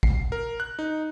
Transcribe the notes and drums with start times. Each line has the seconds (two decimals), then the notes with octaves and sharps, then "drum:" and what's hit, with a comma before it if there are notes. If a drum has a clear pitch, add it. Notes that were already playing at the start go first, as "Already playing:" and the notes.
0.03 C7, drum: kick
0.32 A#4
0.60 F#6
0.79 D#4